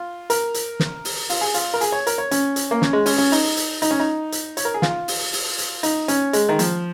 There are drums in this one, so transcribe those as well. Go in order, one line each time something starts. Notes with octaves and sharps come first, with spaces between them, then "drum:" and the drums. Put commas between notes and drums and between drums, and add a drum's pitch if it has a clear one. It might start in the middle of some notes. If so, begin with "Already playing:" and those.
Already playing: F4
A#4, drum: hi-hat
drum: hi-hat
drum: snare
drum: open hi-hat
F4, drum: open hi-hat
G#4
F4, drum: hi-hat
A#4
G#4, drum: hi-hat
C#5
A#4, drum: hi-hat
C#5
C#4, drum: hi-hat
drum: hi-hat
A#3
C#4, drum: snare
G#3
C#4, drum: open hi-hat
C#4
D#4, drum: open hi-hat
drum: hi-hat
D#4, drum: hi-hat
C#4
D#4
drum: hi-hat
C#5, drum: hi-hat
A#4
G#4
F4, drum: snare
drum: open hi-hat
drum: open hi-hat
drum: hi-hat
D#4, drum: hi-hat
C#4, drum: hi-hat
G#3, drum: hi-hat
D#3
F3, drum: hi-hat